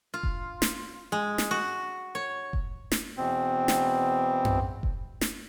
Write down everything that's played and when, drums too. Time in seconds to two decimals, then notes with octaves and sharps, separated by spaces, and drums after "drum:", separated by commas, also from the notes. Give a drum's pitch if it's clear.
0.14 F4
0.23 drum: kick F1
0.62 drum: snare
1.12 G#3
1.38 drum: snare
1.51 F#4
2.15 C#5
2.53 drum: kick F1
2.92 drum: snare
3.17 E2 B2 C4
3.68 drum: snare
4.45 drum: tom F#2
4.83 drum: kick F1
5.21 drum: snare